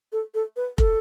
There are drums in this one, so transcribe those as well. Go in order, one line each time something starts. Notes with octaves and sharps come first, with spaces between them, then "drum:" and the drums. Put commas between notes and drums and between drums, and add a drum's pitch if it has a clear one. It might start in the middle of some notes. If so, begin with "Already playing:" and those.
A4
A4
B4
A4, drum: kick